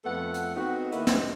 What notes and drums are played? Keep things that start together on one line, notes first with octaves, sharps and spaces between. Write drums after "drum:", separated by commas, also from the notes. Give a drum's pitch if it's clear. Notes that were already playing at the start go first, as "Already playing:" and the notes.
F2 A3 B3 A4 F#5
drum: hi-hat
B3 C4 D#4 F#4 G#4
D#2 A#3 E4 B4 D#5, drum: hi-hat
drum: snare